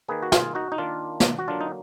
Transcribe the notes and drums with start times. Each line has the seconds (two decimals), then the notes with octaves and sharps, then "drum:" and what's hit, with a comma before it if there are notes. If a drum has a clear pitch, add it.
0.08 D#3 A#3 G#4 B4
0.23 F#4
0.32 F4 G#4, drum: snare
0.55 D#4 F#4
0.72 D#4
0.78 D#3 A#3 D4 F4
1.20 drum: snare
1.38 F#4
1.48 D3 F#3 A#3 D4 F4
1.61 D#4